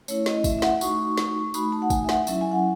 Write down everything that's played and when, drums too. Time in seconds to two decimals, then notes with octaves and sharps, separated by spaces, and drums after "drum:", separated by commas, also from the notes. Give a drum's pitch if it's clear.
0.08 A3 C#4 E4 C#5, drum: tambourine
0.26 D#5, drum: snare
0.44 E5, drum: kick, tambourine
0.59 E5
0.62 F#5, drum: snare
0.81 A3 D#4 F#4 C#6, drum: tambourine
1.18 drum: snare
1.54 A3 D#4 F#4 B5, drum: tambourine
1.72 A5
1.82 F#5
1.90 G#5, drum: kick, tambourine
2.04 E5
2.09 F#5, drum: snare
2.27 F#3 C#4 E4 E5, drum: tambourine
2.41 G#5
2.52 F#5